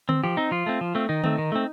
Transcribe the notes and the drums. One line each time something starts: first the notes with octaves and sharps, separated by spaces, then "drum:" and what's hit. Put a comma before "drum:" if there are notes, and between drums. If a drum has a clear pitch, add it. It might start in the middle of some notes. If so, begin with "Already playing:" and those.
C4, drum: tom D3
F3 G4
C4 D#4
F3 F4
A3 C4
F3
A3 C4
D#3 D#4
A3 C4, drum: tom D3
D#3
A3 C4